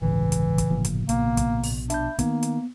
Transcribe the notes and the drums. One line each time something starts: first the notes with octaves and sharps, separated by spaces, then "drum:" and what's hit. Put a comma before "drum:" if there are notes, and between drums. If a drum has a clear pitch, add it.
G1 C#2 A2 C#3 E3
drum: hi-hat
drum: kick, hi-hat
G1 A#2 F3
drum: hi-hat
A#1 B2 A#3, drum: hi-hat
drum: kick, hi-hat
drum: open hi-hat
D4 E5 B5 G6, drum: hi-hat
D#3 A#3 B3, drum: kick, hi-hat
drum: hi-hat